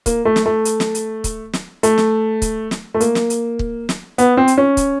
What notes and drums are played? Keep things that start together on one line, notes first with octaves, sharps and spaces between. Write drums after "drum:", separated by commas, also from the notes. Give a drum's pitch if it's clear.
A#3, drum: kick, hi-hat
A3
drum: snare
A3
drum: hi-hat
drum: snare
drum: hi-hat
drum: kick, hi-hat
drum: snare
A3, drum: hi-hat
drum: snare
drum: kick, hi-hat
drum: snare
A3
A#3, drum: hi-hat
drum: snare
drum: hi-hat
drum: kick
drum: snare
B3, drum: hi-hat
C4
drum: hi-hat
C#4
drum: kick, hi-hat